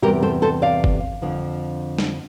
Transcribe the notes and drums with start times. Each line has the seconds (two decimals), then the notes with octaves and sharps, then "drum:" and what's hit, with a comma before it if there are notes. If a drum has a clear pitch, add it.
0.02 E2 C3 G3 G4 A#4
0.23 A4 C5
0.42 A4 C5
0.62 D5 F5
0.84 drum: kick F#1
1.22 F2 D3 F3
1.98 drum: snare